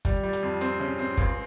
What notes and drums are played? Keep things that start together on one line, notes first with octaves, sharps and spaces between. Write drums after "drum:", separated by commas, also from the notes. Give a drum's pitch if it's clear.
G3, drum: kick, hi-hat
G3
drum: hi-hat
F2
C4, drum: hi-hat
C#3
C4
C#2, drum: kick, hi-hat